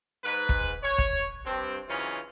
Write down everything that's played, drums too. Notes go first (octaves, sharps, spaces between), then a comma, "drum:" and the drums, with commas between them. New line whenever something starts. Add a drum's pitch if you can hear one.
G#2 B4
drum: kick
C#5
drum: kick
G2 C4
C#3 E3 F#3 C#4 D#4 F4